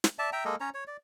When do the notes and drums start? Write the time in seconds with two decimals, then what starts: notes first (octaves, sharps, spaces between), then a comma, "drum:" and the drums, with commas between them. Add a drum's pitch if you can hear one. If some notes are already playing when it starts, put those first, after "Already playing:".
0.04 drum: snare
0.19 D5 E5 A5
0.33 E5 G5 A#5
0.45 G#3 A#3 A4 D#5
0.60 C#4 C#5 A#5
0.74 C#5
0.87 D5